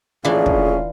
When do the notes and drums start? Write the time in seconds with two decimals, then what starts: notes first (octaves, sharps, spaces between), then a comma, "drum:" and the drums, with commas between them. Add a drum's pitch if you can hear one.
0.25 A#1 A2 E3 C#4 D4 F4 G#4
0.46 drum: kick